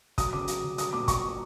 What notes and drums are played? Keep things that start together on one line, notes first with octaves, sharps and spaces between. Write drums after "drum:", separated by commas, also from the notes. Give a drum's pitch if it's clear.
F#3 D#6, drum: kick, hi-hat
C#3 D6
F#3, drum: hi-hat
C#3
F#3 D#6, drum: hi-hat
A#2 D6
F#3 C#6, drum: kick, hi-hat
A#2